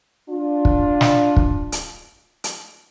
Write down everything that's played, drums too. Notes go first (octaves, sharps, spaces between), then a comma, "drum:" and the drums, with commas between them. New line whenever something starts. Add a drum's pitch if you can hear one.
D4 F4
drum: kick
drum: snare
drum: kick
drum: hi-hat
drum: hi-hat